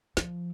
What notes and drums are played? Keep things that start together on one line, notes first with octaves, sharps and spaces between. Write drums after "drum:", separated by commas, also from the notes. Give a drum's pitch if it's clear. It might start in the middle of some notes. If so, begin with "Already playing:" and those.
F3, drum: snare